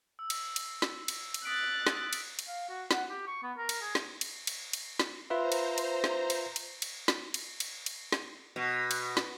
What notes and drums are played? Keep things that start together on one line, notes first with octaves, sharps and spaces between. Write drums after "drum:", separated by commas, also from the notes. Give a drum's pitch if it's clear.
E6
drum: cymbal
drum: cymbal
drum: snare
drum: cymbal
drum: cymbal
D#6 F#6 A6 B6 D7
drum: snare
drum: cymbal
drum: cymbal
F5
F#4
F#5, drum: snare
G4
C#6
B3
A#4
drum: cymbal
G#4
drum: snare
drum: cymbal
drum: cymbal
drum: cymbal
drum: snare
F4 B4 C5 E5 A#5
drum: cymbal
drum: cymbal
drum: snare
drum: cymbal
drum: cymbal
drum: cymbal
drum: snare
drum: cymbal
drum: cymbal
drum: cymbal
drum: snare
B2
drum: cymbal
drum: snare